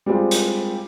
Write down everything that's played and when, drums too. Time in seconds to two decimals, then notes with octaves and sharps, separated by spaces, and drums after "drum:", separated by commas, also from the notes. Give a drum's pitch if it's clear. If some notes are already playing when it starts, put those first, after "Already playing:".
0.06 G3 G#3 C4 F4
0.31 drum: hi-hat